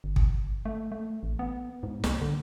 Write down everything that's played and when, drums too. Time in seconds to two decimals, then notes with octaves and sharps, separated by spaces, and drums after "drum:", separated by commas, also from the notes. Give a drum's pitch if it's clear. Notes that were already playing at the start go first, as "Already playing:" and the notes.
0.04 G1
0.16 drum: kick
0.65 A3
0.92 A3
1.23 A1
1.39 B3
1.83 G#2
2.04 C2, drum: snare
2.21 D3